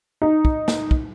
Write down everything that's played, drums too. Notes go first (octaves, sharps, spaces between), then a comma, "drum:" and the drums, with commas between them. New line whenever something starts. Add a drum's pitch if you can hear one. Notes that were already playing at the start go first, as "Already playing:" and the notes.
D#4
drum: kick
drum: snare
drum: kick